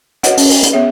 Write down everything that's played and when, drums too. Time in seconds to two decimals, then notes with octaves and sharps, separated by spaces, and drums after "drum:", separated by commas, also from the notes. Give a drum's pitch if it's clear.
0.23 F#4 B4 C#5 D#5 F#5, drum: hi-hat
0.37 C#4, drum: open hi-hat
0.50 drum: open hi-hat
0.63 drum: hi-hat
0.73 B3 G#4 C#5 E5